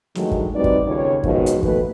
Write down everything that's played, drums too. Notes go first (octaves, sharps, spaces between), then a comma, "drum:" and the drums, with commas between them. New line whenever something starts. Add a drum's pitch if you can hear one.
G2 D#3 F#3 G#3 A3, drum: snare
drum: kick
G3 C4 D#4 F#4 B4 D5
drum: kick
D#2 C#3 F4 C#5
G#2 B2 D#3 F3, drum: kick
drum: hi-hat
D#2 B2 A3 B4, drum: kick